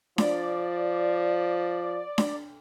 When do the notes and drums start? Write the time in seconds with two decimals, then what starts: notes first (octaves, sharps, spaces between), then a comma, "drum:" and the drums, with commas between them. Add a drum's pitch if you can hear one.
0.18 F3 D5, drum: snare D4
2.18 drum: snare D4